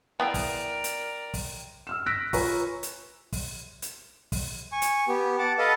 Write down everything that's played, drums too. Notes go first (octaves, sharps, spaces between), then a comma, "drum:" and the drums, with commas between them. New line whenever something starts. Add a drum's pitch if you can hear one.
B3 E4 G#4 A#4 D5 G5
drum: kick, open hi-hat
drum: hi-hat
drum: kick, open hi-hat
E6 F6 E7
E6 F#6 A#6 B6 D7
F4 B4 C#5 G#5 A#5 C#6, drum: kick, open hi-hat
drum: hi-hat
drum: kick, open hi-hat
drum: hi-hat
drum: kick, open hi-hat
G#5 C#6
drum: hi-hat
B3 G4
F#5 A5 D6
A4 B4 D#5 F5 F#5 A5